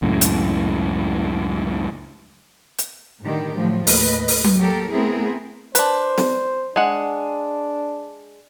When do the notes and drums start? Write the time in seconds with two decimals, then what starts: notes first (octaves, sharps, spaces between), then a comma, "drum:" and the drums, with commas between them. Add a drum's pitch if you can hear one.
0.02 C#2 F#2 A2
0.21 drum: hi-hat
2.78 drum: hi-hat
3.22 A2 D3 D#3 G3 G4
3.55 A2 F3 F#3
3.87 D#2 A2 B4 D#5, drum: open hi-hat
4.28 drum: open hi-hat
4.44 drum: tom F#3
4.57 F#3 A#3 G4 A4 A#4
4.91 A3 B3 C4 E4 G#4 A#4
5.75 D4 B4 C5, drum: hi-hat
6.18 drum: snare
6.76 G#3 D4 F#5